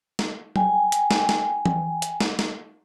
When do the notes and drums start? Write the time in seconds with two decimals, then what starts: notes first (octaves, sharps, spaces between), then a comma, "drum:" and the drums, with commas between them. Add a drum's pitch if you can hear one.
0.19 drum: snare
0.56 G5 G#5, drum: tom F#3
0.92 drum: hi-hat
1.11 drum: snare
1.29 drum: snare
1.66 drum: tom E3
2.02 drum: hi-hat
2.20 drum: snare
2.39 drum: snare